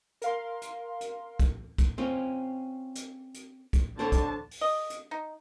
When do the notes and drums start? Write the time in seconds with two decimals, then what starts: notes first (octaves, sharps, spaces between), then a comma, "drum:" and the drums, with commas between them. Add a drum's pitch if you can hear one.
0.22 A#4 F5 C6, drum: hi-hat
0.62 drum: hi-hat
1.01 drum: hi-hat
1.39 drum: kick A#1, hi-hat
1.78 drum: kick A#1, hi-hat
1.98 C4 C#4 F4
2.95 drum: hi-hat
3.34 drum: hi-hat
3.73 drum: kick A#1, hi-hat
3.99 D3 D4 C5 C#5 A5
4.12 drum: kick A#1, hi-hat
4.51 drum: open hi-hat
4.61 D#5
4.90 drum: hi-hat
5.11 D#4